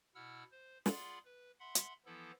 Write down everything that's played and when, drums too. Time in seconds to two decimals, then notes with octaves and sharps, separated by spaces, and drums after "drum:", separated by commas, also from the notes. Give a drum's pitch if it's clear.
0.15 B2 E4 F#5 E6 F6
0.52 C5
0.86 F4 G#4 D5 F#5 B5 C6, drum: snare
1.25 B4
1.60 E5 F#5 B5 C6
1.75 drum: hi-hat
2.06 E3 F3 B3 E4 A4